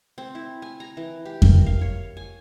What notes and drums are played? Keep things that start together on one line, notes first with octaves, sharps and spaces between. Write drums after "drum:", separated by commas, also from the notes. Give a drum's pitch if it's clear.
C4
E4
G#5
A#5
E3
G4
A#4, drum: kick F2
F5
C#5
G#5